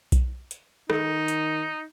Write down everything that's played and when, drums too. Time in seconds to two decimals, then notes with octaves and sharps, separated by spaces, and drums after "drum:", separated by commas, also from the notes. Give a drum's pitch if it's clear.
0.12 drum: kick B1, hi-hat
0.51 drum: hi-hat
0.90 D#3 D#4, drum: rim click
1.28 drum: hi-hat